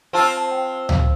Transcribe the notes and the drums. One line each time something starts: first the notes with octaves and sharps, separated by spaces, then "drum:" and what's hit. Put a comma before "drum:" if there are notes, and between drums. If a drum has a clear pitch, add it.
C4 F4 A5
A5
G5
F5, drum: tom C#2